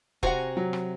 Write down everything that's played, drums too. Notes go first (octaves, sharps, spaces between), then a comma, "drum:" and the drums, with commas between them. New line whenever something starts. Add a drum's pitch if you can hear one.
C3 F#4 F#5 G#5 A#5, drum: kick E1
F#3
drum: rim click